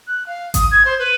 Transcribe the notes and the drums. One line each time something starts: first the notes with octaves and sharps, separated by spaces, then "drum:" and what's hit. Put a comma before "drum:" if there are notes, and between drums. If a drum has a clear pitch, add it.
F#6
F5
D#6, drum: kick G#1, hi-hat
G#6
C5
B4